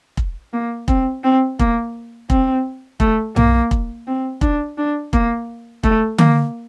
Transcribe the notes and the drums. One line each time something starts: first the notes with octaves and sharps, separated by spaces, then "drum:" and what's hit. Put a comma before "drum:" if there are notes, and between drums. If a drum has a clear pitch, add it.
drum: kick
A#3
C4, drum: kick
C4
A#3, drum: kick
C4, drum: kick
A3, drum: kick
A#3, drum: tom B1
drum: kick
C4
D4, drum: kick
D4
A#3, drum: kick
A3, drum: kick
A#3, drum: tom D3